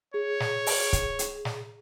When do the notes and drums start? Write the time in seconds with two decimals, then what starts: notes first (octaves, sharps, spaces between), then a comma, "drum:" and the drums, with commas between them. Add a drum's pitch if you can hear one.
0.14 G#4 C#5
0.40 drum: snare
0.67 drum: open hi-hat
0.93 drum: kick, hi-hat
1.19 drum: hi-hat
1.45 drum: snare